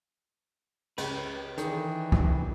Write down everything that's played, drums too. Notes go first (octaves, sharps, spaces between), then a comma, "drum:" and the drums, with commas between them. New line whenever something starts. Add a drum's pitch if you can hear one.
C#2 G4 B4 D#5, drum: cymbal
D#3 E3 G#4 A4 D5, drum: hi-hat
drum: kick